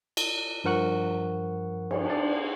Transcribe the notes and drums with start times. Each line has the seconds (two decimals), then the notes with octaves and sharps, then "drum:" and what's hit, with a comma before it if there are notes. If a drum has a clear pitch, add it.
0.17 drum: cymbal
0.64 G2 F3 A#4 F#5 C#6 F#6
1.91 drum: cymbal
2.06 D4 D5